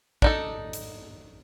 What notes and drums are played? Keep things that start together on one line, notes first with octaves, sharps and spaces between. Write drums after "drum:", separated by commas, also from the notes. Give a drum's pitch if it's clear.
D4 D#4 A4, drum: kick
drum: hi-hat